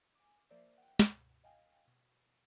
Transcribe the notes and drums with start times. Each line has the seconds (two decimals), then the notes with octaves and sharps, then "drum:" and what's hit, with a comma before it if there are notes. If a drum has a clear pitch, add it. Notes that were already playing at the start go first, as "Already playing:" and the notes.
0.15 G#5 D6
0.50 F3 A#3 A#4 C5 D5 E5
0.78 F#5 G5
0.99 C#2 G2 B2, drum: snare
1.44 D#5 F5 G5 G#5
1.88 B2